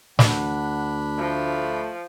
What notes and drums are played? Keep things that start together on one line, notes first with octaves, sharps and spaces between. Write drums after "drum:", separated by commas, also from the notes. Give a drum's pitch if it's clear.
D2 D4 F#5 B5, drum: snare
F3 A3